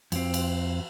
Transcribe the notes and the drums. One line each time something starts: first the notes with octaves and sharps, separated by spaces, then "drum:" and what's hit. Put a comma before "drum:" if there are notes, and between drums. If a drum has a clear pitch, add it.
F2 C4, drum: cymbal
drum: cymbal